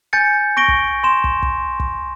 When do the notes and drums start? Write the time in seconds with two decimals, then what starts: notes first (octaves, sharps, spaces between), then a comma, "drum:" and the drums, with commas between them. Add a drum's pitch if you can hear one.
0.13 G#5 G6 A6 C#7
0.57 C#6 A#6 D7 G7
0.68 drum: kick
1.04 C6 E7
1.24 drum: kick
1.43 drum: kick
1.80 drum: kick